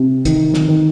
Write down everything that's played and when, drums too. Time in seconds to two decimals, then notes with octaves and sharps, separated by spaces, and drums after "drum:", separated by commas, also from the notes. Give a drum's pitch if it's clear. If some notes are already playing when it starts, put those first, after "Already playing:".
Already playing: C3
0.25 D#3, drum: kick, hi-hat
0.54 drum: snare
0.68 D#3